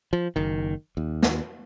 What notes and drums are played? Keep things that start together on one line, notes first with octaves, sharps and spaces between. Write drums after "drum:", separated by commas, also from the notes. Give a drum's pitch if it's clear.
F3
F#1 D#3
D#2
drum: snare